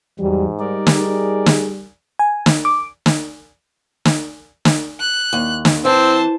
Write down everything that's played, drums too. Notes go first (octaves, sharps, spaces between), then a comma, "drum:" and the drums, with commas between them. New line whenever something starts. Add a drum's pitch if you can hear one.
E2 G#2 F#3 G3
G3 D#4 A#4 D5
drum: snare
G#4
drum: snare
G#5
drum: snare
D6
drum: snare
drum: snare
drum: snare
F#6
D#2
drum: snare
E3 C4 C5 A5